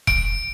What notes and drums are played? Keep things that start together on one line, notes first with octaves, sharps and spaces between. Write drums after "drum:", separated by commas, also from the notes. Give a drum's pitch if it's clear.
D7, drum: kick E1